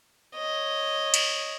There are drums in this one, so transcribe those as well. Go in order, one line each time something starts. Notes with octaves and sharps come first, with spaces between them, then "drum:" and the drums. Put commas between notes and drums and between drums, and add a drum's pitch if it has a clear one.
C#5 D#5
drum: cymbal